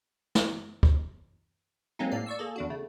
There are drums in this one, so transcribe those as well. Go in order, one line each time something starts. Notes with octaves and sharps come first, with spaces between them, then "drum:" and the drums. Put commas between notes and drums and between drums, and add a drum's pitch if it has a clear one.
drum: snare
drum: kick
F#3 G#3 A#3 C4 C#4 D#4
A2 A#3 D5 C7
D5 C#6 E6
A#3 G#4 A4
E2 D4 F#4
C#3 A3